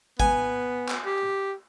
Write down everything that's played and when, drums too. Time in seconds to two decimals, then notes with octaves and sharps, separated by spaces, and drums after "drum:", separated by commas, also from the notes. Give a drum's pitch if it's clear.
0.20 B3 G#5, drum: kick
0.89 drum: clap
1.06 G4